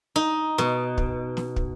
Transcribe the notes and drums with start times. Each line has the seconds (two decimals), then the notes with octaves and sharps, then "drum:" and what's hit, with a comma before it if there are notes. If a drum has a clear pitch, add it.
0.16 D#4
0.58 B2, drum: snare
0.98 drum: kick
1.37 drum: snare
1.56 drum: kick